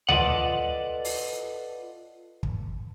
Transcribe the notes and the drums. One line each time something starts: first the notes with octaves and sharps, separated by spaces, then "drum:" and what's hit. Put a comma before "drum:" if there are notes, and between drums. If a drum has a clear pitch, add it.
F4 A4 B4 D5 D#5 F#5, drum: tom D2
drum: open hi-hat
drum: kick